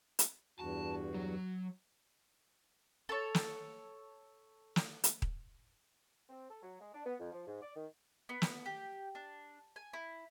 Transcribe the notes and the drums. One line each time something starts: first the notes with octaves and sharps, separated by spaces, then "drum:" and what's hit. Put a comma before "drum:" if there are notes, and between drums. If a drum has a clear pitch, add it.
drum: hi-hat
E2 G2 F#4 A5
F#3
A4 C#5
drum: snare
drum: snare
drum: hi-hat
drum: kick D#1
C4
A4
F#3
G#3
D4
B3
F2
F3
G#2
D5
D#3
B3
drum: snare
G4
D4
G#5
E4